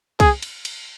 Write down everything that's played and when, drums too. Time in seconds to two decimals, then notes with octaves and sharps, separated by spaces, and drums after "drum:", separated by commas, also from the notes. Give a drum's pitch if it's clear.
0.20 G#4, drum: kick, cymbal
0.42 drum: cymbal
0.65 drum: cymbal